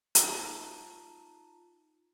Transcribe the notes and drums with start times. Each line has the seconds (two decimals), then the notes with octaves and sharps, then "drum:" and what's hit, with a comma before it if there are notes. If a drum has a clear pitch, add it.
0.15 D#4 F4 A5 A#5 D#7, drum: hi-hat